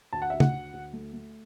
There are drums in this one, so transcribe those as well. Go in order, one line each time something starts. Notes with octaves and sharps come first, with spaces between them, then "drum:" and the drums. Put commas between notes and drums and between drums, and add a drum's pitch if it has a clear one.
D2 A5
F#5
D2 E5
F#5, drum: tom
D2
D2
A3
A3